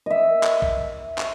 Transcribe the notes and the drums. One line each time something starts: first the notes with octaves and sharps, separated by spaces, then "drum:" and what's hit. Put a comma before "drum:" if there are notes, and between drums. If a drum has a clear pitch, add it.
D#5 E5
drum: clap
drum: kick A#1
drum: clap